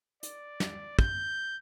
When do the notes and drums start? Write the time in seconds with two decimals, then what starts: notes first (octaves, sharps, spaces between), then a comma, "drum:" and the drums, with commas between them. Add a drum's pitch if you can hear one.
0.23 D5, drum: hi-hat
0.60 drum: snare
0.99 G6, drum: kick